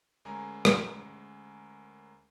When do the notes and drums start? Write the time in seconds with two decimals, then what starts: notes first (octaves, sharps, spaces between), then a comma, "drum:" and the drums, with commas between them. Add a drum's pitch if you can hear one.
0.25 D2 G#3 C#4 A#4 G#5 A#5
0.65 drum: rim click